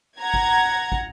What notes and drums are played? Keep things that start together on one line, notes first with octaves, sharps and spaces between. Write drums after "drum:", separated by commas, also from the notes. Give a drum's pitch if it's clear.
F#5 A#5 G#6
drum: kick
drum: kick